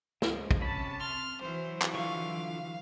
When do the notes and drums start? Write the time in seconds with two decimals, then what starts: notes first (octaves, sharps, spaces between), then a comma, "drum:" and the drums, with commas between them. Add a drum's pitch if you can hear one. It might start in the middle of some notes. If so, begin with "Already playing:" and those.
0.22 C#2 F3 G#3, drum: snare
0.51 drum: kick
0.61 C3 C#4 A5 B5
1.01 C6 F6
1.41 E3 F#3 C5
1.82 drum: clap
1.94 D3 F4 F5 C#6